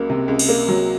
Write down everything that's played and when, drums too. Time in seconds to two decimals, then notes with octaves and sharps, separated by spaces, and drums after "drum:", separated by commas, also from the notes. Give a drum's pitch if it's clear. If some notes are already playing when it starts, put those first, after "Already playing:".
Already playing: C#2 F#3 A#3
0.10 C3
0.28 C#2
0.39 drum: cymbal
0.49 A#3
0.68 F#3